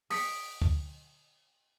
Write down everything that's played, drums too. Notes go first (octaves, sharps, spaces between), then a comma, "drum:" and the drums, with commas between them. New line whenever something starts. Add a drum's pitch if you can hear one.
D#6 B6 C#7 D7, drum: open hi-hat
drum: kick